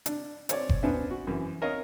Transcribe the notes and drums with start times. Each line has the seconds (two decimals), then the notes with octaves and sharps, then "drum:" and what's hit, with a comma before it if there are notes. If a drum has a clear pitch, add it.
0.06 D4, drum: hi-hat
0.49 C4 C#5 D5, drum: hi-hat
0.69 drum: kick F#1
0.83 B3 C#4 D4 C5 E5
1.11 F#4
1.27 F#2 E3
1.62 A#4 C#5 D#5 F5